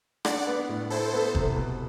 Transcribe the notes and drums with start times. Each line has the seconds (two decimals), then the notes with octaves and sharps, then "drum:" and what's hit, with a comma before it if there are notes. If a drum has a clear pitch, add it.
0.25 D4 D5 F#5, drum: rim click
0.47 B3
0.69 A2
0.90 E4 A4 C5
1.13 B3
1.35 C3, drum: kick
1.56 B2